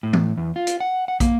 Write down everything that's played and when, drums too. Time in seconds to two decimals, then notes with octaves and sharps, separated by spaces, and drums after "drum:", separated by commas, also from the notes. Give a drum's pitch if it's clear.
0.03 A2
0.13 drum: tom E3
0.37 E2
0.56 F4
0.67 drum: hi-hat
0.80 F#5
1.08 F#5
1.20 A#3, drum: kick, hi-hat